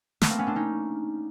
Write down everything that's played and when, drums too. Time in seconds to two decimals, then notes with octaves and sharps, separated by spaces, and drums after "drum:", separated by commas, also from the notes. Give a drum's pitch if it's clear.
0.21 A3 B3, drum: snare
0.30 A#3 C4
0.39 B3 C#4
0.47 C4 D4
0.56 C#4 D#4